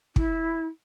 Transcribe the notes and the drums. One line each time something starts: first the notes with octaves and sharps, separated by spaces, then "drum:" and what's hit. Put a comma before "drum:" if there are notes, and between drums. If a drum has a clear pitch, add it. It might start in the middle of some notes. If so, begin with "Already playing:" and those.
E4, drum: kick